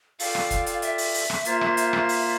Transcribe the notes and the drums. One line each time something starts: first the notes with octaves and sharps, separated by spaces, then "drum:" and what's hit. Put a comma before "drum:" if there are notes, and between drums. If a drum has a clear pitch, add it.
F4 A4 D5 F5 G5, drum: open hi-hat
drum: rim click
drum: kick, hi-hat
drum: hi-hat
E5, drum: hi-hat
drum: open hi-hat
drum: open hi-hat
drum: rim click
A#3 F4 C5, drum: hi-hat
drum: rim click
drum: hi-hat
drum: rim click
drum: open hi-hat